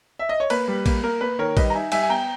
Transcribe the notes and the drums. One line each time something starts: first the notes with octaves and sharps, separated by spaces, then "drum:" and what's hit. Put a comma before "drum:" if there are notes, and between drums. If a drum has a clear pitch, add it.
E5
D#5
C#5
A#3 B4, drum: cymbal
G3
A#3, drum: kick A#1, cymbal
A#3 A#4
A#3 B4
D#3 A#4 C#5
G3 B4 D#5, drum: kick A#1, cymbal
A#5
D#4 E5 G#5
G3 E5 G#5, drum: cymbal
G#5
B3 G5 A#5